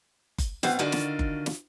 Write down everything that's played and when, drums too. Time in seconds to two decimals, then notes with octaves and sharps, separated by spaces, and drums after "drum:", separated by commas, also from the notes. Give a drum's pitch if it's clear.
0.38 drum: kick F#1, hi-hat
0.63 B2 B3 C4 F5 F#5, drum: snare
0.79 D3 D#3 F4 F#4 D5 D#5
0.92 drum: snare
1.19 drum: kick F#1
1.46 drum: snare